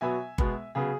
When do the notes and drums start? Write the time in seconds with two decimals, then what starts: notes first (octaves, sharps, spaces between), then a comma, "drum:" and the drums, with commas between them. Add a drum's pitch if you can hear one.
0.01 B2 F#3 B3 E5 G#5
0.38 B2 G#3 B3, drum: kick G1
0.75 C#3 F#3 B3 G#4